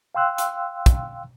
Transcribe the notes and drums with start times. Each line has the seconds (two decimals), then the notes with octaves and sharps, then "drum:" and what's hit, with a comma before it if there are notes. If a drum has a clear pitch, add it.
0.15 F5 G5 C6 E6 F#6
0.38 drum: hi-hat
0.86 drum: kick, hi-hat